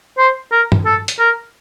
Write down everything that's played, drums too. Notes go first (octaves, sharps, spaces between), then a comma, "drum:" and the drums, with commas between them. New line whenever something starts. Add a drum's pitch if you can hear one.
C5
A#4
drum: tom G2
A4
drum: hi-hat
A#4